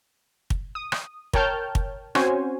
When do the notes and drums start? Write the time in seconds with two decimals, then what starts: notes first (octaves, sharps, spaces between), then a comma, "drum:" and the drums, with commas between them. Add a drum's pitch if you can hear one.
0.50 drum: kick
0.75 D#6
0.92 drum: rim click
1.33 A#4 C#5 G5 A5 F6 G6, drum: kick
1.75 drum: kick
2.15 C4 C#4 F#4 C5 C#5 G#5, drum: rim click